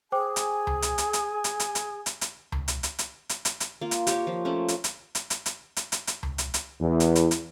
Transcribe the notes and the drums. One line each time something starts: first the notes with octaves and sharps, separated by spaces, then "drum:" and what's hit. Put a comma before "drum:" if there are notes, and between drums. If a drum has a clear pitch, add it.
G#4 C5 G5 G#5 D6
drum: hi-hat
drum: tom C#2
drum: hi-hat
drum: hi-hat
drum: hi-hat
drum: hi-hat
drum: hi-hat
drum: hi-hat
drum: hi-hat
drum: hi-hat
drum: tom C#2
drum: hi-hat
drum: hi-hat
drum: hi-hat
drum: hi-hat
drum: hi-hat
drum: hi-hat
A#3 F4
drum: hi-hat
G4 A#4 C#5, drum: hi-hat
F3
A3 A#3 C#4
drum: hi-hat
drum: hi-hat
drum: hi-hat
drum: hi-hat
drum: hi-hat
drum: hi-hat
drum: hi-hat
drum: hi-hat
drum: tom C#2
drum: hi-hat
drum: hi-hat
E2
drum: hi-hat
drum: hi-hat
drum: hi-hat